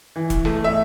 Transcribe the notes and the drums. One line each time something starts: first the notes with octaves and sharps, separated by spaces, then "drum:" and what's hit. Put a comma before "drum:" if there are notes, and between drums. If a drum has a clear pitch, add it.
E3
drum: kick E1, hi-hat
A3, drum: rim click
E5